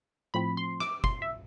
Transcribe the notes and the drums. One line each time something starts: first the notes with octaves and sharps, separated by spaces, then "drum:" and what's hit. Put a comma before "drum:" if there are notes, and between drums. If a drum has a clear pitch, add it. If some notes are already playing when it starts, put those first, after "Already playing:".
A2 F3 C4 B5
C6
D6, drum: rim click
C6, drum: kick
E5